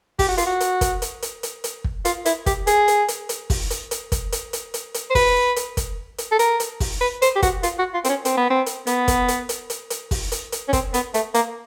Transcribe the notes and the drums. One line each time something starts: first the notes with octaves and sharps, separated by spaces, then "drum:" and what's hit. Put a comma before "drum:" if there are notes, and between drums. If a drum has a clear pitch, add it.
G4, drum: kick, open hi-hat
F#4
F4, drum: hi-hat
F#4
drum: hi-hat
drum: kick, hi-hat
drum: hi-hat
drum: hi-hat
drum: hi-hat
drum: hi-hat
drum: kick
F4, drum: hi-hat
E4, drum: hi-hat
G4, drum: kick, hi-hat
G#4, drum: hi-hat
drum: hi-hat
drum: hi-hat
drum: hi-hat
drum: kick, open hi-hat
drum: hi-hat
drum: hi-hat
drum: kick, hi-hat
drum: hi-hat
drum: hi-hat
drum: hi-hat
drum: hi-hat
C5
B4, drum: kick, open hi-hat
drum: hi-hat
drum: kick, hi-hat
drum: hi-hat
A4
A#4, drum: hi-hat
drum: hi-hat
drum: kick, open hi-hat
B4
C5, drum: hi-hat
G4
F#4, drum: kick, hi-hat
F4, drum: hi-hat
F#4
F4
C4, drum: hi-hat
C#4
C4, drum: hi-hat
B3
C4
drum: hi-hat
B3, drum: hi-hat
drum: kick, hi-hat
drum: hi-hat
drum: hi-hat
drum: hi-hat
drum: hi-hat
drum: kick, open hi-hat
drum: hi-hat
drum: hi-hat
C#4
C4, drum: kick, hi-hat
B3, drum: hi-hat
A3, drum: hi-hat
A#3, drum: hi-hat